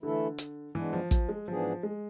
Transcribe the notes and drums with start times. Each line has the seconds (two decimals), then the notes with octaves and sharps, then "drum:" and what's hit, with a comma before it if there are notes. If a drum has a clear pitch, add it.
0.03 D3 E3 A3 E4 A4
0.39 drum: hi-hat
0.75 E3 G#3 B3 D4
0.93 F3
1.11 F3, drum: kick, hi-hat
1.29 G#3
1.47 G#2 E3 F3 B3 D4 G#4
1.83 G#3